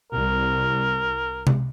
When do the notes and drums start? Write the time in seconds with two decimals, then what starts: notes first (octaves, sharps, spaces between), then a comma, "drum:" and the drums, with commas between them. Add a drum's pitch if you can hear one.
0.12 C2 A#4
1.47 drum: tom C3